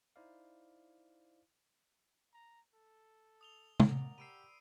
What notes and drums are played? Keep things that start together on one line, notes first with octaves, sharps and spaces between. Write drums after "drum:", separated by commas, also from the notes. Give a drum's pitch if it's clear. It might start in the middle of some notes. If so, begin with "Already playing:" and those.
D#4 E4 C5 D5 F5
A#5
A4
D#6 F7 G7
A#4 D5 F#5, drum: tom
G4 B5 C6 E6 C7 D7 D#7